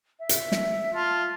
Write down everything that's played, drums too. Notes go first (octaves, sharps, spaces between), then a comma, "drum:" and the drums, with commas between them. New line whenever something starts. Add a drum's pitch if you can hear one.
E5
drum: hi-hat
drum: snare
F4 A5